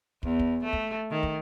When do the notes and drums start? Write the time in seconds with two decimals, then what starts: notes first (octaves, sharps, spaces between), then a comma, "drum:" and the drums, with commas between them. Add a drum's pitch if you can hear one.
0.23 E2, drum: kick
0.40 drum: kick
0.64 A3
0.73 drum: kick
1.10 D#3
1.23 drum: kick